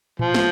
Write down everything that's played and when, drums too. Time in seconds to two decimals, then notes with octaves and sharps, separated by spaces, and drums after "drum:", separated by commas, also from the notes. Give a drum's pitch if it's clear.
0.19 F3, drum: tom A2
0.34 drum: snare